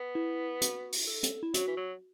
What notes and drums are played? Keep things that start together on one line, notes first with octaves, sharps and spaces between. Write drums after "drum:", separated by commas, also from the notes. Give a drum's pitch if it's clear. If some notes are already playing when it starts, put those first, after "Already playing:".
Already playing: B3
E4
F#4, drum: hi-hat
drum: open hi-hat
A4
drum: hi-hat
E4
F#3 F#4, drum: hi-hat
E3
F#3